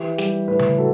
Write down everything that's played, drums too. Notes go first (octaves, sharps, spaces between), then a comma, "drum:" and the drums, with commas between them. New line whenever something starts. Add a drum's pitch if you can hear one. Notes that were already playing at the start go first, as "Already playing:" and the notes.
Already playing: E3 G4
G3 G4, drum: snare
A2 B4
drum: tom C#3
F#3 A4